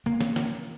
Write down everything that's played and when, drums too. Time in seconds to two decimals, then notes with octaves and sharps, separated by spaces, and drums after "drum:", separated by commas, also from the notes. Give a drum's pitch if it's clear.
0.06 A#3, drum: tom
0.21 drum: snare
0.36 drum: snare